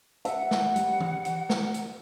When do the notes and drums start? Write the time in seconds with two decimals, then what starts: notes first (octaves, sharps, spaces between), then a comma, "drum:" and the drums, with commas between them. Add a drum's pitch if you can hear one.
0.25 E5 F#5, drum: hi-hat
0.51 drum: snare
0.76 G3, drum: hi-hat
1.00 drum: tom E3
1.25 drum: hi-hat
1.49 drum: snare
1.74 drum: hi-hat